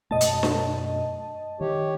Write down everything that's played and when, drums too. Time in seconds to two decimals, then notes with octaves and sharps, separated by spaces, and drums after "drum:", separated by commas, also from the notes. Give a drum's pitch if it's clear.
0.11 F#2 B2 A3 D#5 A5
0.21 drum: hi-hat
0.43 drum: snare D4
1.61 D#3 G4 C#5